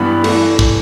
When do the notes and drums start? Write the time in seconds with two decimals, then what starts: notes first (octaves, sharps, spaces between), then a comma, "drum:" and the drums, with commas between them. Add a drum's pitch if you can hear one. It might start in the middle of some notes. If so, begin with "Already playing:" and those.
Already playing: G2 E3 B3 B5
0.24 E3 A3, drum: cymbal
0.59 drum: kick